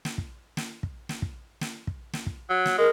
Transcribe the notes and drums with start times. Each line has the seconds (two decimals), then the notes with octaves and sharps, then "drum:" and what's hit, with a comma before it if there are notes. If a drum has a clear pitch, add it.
0.05 drum: snare
0.18 drum: kick
0.57 drum: snare
0.83 drum: kick
1.09 drum: snare
1.22 drum: kick
1.61 drum: snare
1.87 drum: kick
2.13 drum: snare
2.26 drum: kick
2.50 F#3
2.66 drum: snare
2.79 G#3 A#4